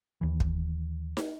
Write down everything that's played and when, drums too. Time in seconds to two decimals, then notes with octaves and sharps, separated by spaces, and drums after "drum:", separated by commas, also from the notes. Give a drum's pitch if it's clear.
0.21 D#2 E3
0.40 drum: kick
1.17 drum: snare D#4